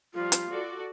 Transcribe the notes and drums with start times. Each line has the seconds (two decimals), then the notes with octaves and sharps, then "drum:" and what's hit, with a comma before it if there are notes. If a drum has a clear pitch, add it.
0.14 F3 G3 F4
0.32 drum: hi-hat
0.50 F#4 A4 D5